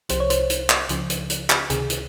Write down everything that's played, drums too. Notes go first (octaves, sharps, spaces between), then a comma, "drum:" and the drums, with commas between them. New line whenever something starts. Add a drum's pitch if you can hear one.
C2 C3 F3 C5, drum: hi-hat
C#5
C5, drum: hi-hat
drum: hi-hat
drum: clap
C#2 C#3 F3, drum: hi-hat
drum: hi-hat
drum: hi-hat
drum: clap
C#2 C3 D#3 G#4, drum: hi-hat
drum: hi-hat